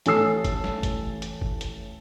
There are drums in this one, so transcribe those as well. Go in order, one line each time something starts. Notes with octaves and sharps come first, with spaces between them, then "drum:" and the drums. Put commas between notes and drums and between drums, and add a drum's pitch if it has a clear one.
A1 C#4 A4 A5 E6 C7, drum: hi-hat
drum: kick G1, hi-hat
drum: snare
drum: kick G1, hi-hat
drum: hi-hat
drum: kick G1
drum: hi-hat